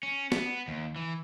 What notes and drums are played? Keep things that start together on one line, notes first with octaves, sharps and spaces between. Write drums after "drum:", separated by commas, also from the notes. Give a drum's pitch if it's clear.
C#4
B3, drum: snare
D#2
E3